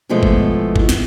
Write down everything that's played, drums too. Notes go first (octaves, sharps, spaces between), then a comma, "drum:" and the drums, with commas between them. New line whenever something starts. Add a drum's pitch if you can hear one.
B2 E3 F3 G#3 A3
drum: kick G1
drum: kick G1
drum: snare